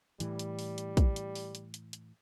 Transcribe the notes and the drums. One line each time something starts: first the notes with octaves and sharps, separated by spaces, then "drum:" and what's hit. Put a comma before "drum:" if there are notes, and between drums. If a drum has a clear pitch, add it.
A2 E3 G3, drum: hi-hat
drum: hi-hat
drum: open hi-hat
drum: hi-hat
drum: kick, hi-hat
drum: hi-hat
drum: open hi-hat
drum: hi-hat
drum: hi-hat
drum: hi-hat